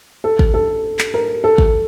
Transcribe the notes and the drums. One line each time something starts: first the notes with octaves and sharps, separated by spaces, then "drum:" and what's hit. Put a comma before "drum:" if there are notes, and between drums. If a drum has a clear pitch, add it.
A4
drum: kick G#1
A4
drum: clap
A#4
A4
drum: kick G#1